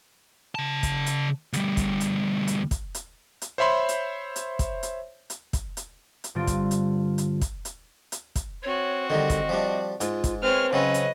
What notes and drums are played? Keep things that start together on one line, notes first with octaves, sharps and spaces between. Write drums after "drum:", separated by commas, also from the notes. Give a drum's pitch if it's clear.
C#3 A5
drum: kick, hi-hat
drum: hi-hat
D2 G3, drum: hi-hat
drum: kick, hi-hat
drum: hi-hat
drum: hi-hat
drum: kick, hi-hat
drum: hi-hat
drum: hi-hat
C5 C#5 E5 B5 C6
drum: hi-hat
drum: hi-hat
drum: kick, hi-hat
drum: hi-hat
drum: hi-hat
drum: kick, hi-hat
drum: hi-hat
drum: hi-hat
G2 D3 C4 F4 A6 D7
drum: kick, hi-hat
drum: hi-hat
drum: hi-hat
drum: kick, hi-hat
drum: hi-hat
drum: hi-hat
drum: kick, hi-hat
C4 F#4 C#5
D3 D#3 G3 D#5
drum: kick, hi-hat
F3 G3 D4
G#2 F4, drum: hi-hat
drum: kick, hi-hat
G#3 C4 B4 C#5 F6
C#3 F#3 C4 C#4 B4 C#5 D#5
drum: hi-hat